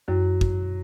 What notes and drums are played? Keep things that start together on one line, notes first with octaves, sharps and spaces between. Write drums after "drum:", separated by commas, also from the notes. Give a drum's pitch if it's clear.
F#2 F#3
drum: kick